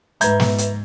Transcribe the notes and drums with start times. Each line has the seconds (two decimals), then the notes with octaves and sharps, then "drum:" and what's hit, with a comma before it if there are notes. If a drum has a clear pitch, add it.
0.21 G#2 B4 E5 A#5 G6 G#6, drum: hi-hat
0.40 drum: snare
0.58 drum: hi-hat